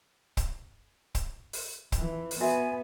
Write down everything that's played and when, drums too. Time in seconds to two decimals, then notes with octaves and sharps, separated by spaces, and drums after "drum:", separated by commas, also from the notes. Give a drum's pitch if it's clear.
0.37 drum: kick, hi-hat
1.15 drum: kick, hi-hat
1.53 drum: open hi-hat
1.92 F2 E3, drum: kick, hi-hat
2.31 drum: open hi-hat
2.41 B3 F#4 E5 G#5